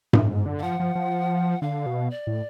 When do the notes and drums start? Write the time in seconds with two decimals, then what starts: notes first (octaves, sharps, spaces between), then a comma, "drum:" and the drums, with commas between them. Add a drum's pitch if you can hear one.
0.13 A2, drum: tom G2
0.30 G#2
0.46 D3
0.59 F5
0.62 F3 F#5
0.80 F3
0.95 F3
1.62 D3 F5
1.86 B2
2.10 D5
2.27 A2